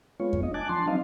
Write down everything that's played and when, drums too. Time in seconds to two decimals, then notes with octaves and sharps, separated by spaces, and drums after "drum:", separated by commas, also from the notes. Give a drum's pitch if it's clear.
0.20 G#3 B3 F4 C#5
0.33 drum: kick F2
0.43 D4 D#5
0.54 G#5 A5 D6 F#6
0.69 F3 D4 A5 C6
0.88 F#3 C4 D#4 D#5 F5